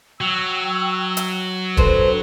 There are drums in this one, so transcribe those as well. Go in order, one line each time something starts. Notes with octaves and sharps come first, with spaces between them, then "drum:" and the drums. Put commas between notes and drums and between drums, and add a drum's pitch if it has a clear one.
F#3 G5 E6
drum: hi-hat
C4 D4 A4 B4 C5, drum: kick